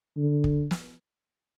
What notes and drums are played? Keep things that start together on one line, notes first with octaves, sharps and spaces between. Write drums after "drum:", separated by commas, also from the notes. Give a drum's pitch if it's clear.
D3
drum: kick
drum: snare